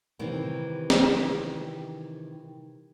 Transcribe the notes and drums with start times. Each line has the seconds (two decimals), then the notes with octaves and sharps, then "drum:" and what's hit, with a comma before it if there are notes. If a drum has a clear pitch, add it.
0.19 C3 D#3 E3 G3 C4
0.90 drum: snare